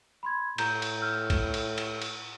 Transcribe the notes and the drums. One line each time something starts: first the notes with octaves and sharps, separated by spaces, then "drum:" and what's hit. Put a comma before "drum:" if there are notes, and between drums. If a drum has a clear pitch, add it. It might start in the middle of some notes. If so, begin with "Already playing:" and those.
B5 C6 G#6
A2 A#5 G6, drum: cymbal
drum: cymbal
E6 F6 G6
drum: kick A#1, cymbal
drum: cymbal
drum: cymbal
drum: cymbal